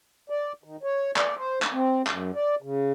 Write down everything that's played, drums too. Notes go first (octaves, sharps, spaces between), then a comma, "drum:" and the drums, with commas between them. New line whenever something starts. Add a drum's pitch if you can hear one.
D5
D#3
C#5
D5, drum: clap
C5
drum: clap
C4
F#2, drum: clap
D5
C#3